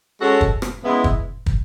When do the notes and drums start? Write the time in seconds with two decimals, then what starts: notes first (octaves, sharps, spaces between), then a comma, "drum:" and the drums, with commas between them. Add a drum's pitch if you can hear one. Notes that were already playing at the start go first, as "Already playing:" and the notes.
0.20 G#3 C#4 F#4 A4
0.41 drum: kick
0.62 drum: rim click
0.84 C#3 G#3 B3 E4
1.04 drum: kick
1.46 drum: kick